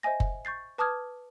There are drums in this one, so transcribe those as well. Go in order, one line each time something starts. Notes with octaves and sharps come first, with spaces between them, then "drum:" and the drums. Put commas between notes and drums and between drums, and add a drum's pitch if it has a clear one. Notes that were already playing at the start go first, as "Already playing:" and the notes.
C5 D#5 E5 G#5 A#6
drum: kick F#1
C#6 G6 A6 C7
B4 A5 D6 D#6 F6 G#6